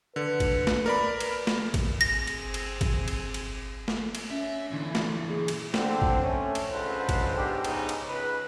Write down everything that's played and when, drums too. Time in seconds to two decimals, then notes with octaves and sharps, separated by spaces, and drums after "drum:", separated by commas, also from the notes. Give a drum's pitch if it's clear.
0.16 D3 B4
0.40 drum: kick A#1, cymbal
0.67 drum: snare
0.86 A#4 D5 B5
1.20 drum: cymbal
1.47 drum: snare
1.74 drum: kick A#1, cymbal
2.01 A1 C4 G#4 A#6, drum: cymbal
2.27 drum: cymbal
2.43 G1
2.54 drum: cymbal
2.81 drum: kick A#1, cymbal
3.08 drum: cymbal
3.34 drum: cymbal
3.88 drum: snare
4.15 drum: cymbal
4.31 C#4 E5
4.71 A#2 D3 E3
4.95 drum: snare
5.27 G#4
5.48 drum: cymbal
5.74 D3 C4, drum: snare
6.02 drum: kick A#1
6.22 A3 C#4
6.55 drum: cymbal
6.72 C#2 D3 A4 B4 C5
7.09 drum: kick A#1, cymbal
7.36 G#2 B3 D4 G4
7.64 G#2 C#3 G#3 B3 D#4, drum: cymbal
7.89 drum: cymbal
8.07 C#2 B4